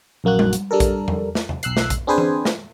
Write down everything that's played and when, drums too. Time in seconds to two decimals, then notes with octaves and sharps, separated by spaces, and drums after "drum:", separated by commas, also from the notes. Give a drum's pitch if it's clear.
0.24 A#1 F#2 A#3 F#4 F#6
0.39 drum: tom G3
0.53 drum: hi-hat
0.71 G3 D4 A4 A#4
0.80 drum: kick A#1, hi-hat
1.08 drum: tom E2
1.35 drum: snare
1.49 drum: tom E2
1.63 B1 E6 F#6 C7, drum: hi-hat
1.77 drum: snare
1.90 drum: kick A#1, hi-hat
2.07 C4 D4 G#4 B4 C5 G#5
2.18 drum: tom E3
2.45 drum: snare